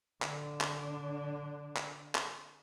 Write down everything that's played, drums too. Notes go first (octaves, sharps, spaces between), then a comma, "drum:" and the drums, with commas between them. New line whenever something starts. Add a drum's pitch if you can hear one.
D3 D4, drum: clap
drum: clap
drum: clap
drum: clap